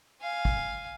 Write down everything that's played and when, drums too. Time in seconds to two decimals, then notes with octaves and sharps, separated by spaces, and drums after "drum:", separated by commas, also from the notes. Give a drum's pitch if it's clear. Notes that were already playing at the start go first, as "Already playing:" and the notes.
0.21 F5 G#5
0.45 drum: kick